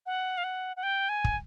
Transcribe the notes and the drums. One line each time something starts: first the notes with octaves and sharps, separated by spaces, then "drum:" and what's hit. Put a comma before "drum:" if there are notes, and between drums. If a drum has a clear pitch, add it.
F#5
F5
F#5
F#5
G5
G#5
drum: kick